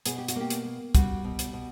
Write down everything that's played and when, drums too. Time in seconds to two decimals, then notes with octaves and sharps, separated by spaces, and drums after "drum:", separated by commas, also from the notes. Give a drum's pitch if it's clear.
0.06 B2 G#4, drum: hi-hat
0.18 G4
0.28 F#4, drum: hi-hat
0.36 A#3 G4
0.50 drum: hi-hat
0.65 A#3
0.95 G3 F#4, drum: kick, hi-hat
1.24 B2
1.39 drum: hi-hat
1.53 B2